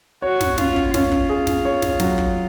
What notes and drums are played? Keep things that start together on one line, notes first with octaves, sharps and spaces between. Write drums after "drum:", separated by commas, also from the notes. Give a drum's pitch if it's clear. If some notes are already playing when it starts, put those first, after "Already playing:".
F#4 C#5
drum: snare
C#4 F4, drum: snare
drum: kick
C#4 F4, drum: snare
drum: kick
G#4
drum: snare
C#5
drum: snare
F#3, drum: snare
drum: kick